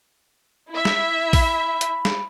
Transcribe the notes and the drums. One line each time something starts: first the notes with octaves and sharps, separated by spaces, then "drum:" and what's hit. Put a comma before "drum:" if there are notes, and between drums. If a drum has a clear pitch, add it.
E4 E5
drum: snare
B5, drum: kick A#1, open hi-hat
drum: hi-hat
drum: snare